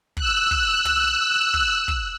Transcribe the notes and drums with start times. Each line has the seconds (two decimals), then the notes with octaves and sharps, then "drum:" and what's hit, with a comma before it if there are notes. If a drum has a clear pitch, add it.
0.17 E6 F#6, drum: kick
0.51 drum: kick
0.85 drum: tom
1.54 drum: kick
1.88 drum: kick